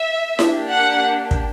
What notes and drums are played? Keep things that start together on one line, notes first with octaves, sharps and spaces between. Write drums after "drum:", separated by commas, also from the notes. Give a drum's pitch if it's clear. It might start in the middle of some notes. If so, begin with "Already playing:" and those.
Already playing: E5
A#3 D4 G4, drum: snare E4
F#5
drum: kick